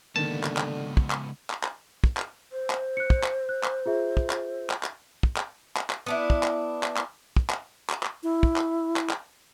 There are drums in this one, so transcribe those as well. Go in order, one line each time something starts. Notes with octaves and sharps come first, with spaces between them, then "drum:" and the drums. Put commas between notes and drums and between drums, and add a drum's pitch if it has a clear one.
C#2 D3 D#3 A#3 B3 A5
drum: clap
drum: clap
drum: kick
drum: clap
drum: clap
drum: clap
drum: kick
drum: clap
C5
drum: clap
F#6 C#7
drum: kick
drum: clap
F#6
drum: clap
F4 G#4 E5
drum: kick
drum: clap
drum: clap
drum: clap
drum: kick
drum: clap
drum: clap
drum: clap
B3 D4 E4
drum: kick
drum: clap
drum: clap
drum: clap
drum: kick
drum: clap
drum: clap
drum: clap
E4
drum: kick
drum: clap
drum: clap
drum: clap